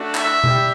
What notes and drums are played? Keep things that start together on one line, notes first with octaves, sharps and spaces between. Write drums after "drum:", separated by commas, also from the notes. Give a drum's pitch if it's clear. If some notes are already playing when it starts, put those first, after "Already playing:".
Already playing: A3 D4 F#4
E5, drum: clap
G3, drum: tom B2